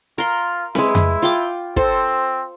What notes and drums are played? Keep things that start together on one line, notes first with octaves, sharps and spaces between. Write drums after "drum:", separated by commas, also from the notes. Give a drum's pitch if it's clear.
F4 A#4 C6
G#3 E4 B4, drum: snare C4
drum: tom F2
F4 G5 D6
C4 A4 C5, drum: kick